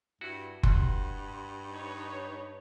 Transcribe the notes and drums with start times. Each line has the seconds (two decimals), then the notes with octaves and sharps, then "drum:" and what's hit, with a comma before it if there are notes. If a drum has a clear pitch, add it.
0.21 G2 E4 F#4
0.63 G2 F#5 C6, drum: kick F#1
1.71 D#4 B4 C#5